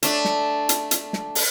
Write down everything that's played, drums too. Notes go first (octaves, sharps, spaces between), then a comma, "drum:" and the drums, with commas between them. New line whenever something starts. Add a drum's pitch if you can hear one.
A3 D4, drum: hi-hat
drum: snare
drum: hi-hat
drum: hi-hat
drum: snare
drum: open hi-hat